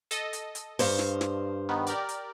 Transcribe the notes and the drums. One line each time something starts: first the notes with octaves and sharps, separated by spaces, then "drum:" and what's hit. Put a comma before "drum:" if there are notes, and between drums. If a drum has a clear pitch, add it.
A4 D#5, drum: hi-hat
drum: hi-hat
drum: hi-hat
G2 C5 F5, drum: open hi-hat
drum: snare
drum: snare
D#3 B3
G4 A#4 D5, drum: hi-hat
drum: hi-hat